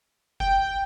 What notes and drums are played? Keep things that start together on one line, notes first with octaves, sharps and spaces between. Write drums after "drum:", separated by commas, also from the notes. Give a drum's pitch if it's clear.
G5, drum: kick F1